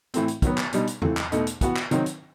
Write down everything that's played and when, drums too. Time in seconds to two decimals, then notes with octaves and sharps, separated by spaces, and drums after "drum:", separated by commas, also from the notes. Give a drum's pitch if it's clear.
0.14 A2 E3 A3 C4, drum: hi-hat
0.28 drum: hi-hat
0.42 D#3 F#3 B3, drum: kick, hi-hat
0.58 drum: clap
0.72 B2 G3 D#4, drum: hi-hat
0.87 drum: hi-hat
1.02 E3 A3 C4, drum: tom E2
1.17 drum: clap
1.32 B2 A3 D#4, drum: hi-hat
1.47 drum: hi-hat
1.61 E3 B3 F#4, drum: kick, hi-hat
1.76 drum: clap
1.91 D#3 F#3 C4 D#4, drum: hi-hat
2.06 drum: hi-hat